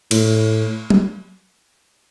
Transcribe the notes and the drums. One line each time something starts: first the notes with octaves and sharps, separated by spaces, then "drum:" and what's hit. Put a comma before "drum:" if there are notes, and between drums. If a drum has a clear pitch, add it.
A2, drum: cymbal
drum: tom